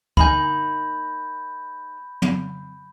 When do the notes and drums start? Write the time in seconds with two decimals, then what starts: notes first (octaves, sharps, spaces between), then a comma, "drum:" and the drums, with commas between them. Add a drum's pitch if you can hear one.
0.17 A#3 D#4 G#5 B5 G6, drum: kick
2.22 drum: tom